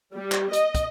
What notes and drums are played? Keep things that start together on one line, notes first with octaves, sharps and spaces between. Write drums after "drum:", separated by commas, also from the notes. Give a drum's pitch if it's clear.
G3
drum: clap
D#5, drum: hi-hat
drum: kick, hi-hat